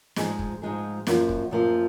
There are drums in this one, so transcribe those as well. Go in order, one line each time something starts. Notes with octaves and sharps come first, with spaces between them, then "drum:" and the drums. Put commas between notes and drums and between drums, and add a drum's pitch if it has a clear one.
G#2 F3 G#3 D#4 G#4, drum: snare
drum: kick
G#2 F3 G#3 D#4 G#4
F#2 F3 A#3 F4, drum: snare
drum: kick
F#2 F3 A#3 F4